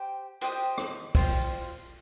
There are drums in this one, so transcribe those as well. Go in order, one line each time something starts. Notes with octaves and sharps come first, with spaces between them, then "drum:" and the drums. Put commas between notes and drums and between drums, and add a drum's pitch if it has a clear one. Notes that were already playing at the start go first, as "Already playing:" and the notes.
Already playing: G4 C5 G5
G4 C5 D#5 G5, drum: hi-hat
drum: rim click
F4 C5 G5, drum: kick, open hi-hat